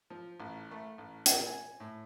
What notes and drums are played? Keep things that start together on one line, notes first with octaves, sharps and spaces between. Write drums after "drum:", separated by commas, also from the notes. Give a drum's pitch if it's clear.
F3
A1
A3
A1
A#2, drum: hi-hat
G#5
A2